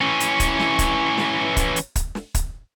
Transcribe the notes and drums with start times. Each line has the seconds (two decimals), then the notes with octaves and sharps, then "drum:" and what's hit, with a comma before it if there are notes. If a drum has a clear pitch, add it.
0.01 E3 C#4
0.20 drum: hi-hat
0.40 drum: kick, hi-hat
0.59 drum: snare
0.79 drum: kick, hi-hat
1.18 drum: snare
1.57 drum: kick, hi-hat
1.76 drum: hi-hat
1.96 drum: kick, hi-hat
2.15 drum: snare
2.35 drum: kick, hi-hat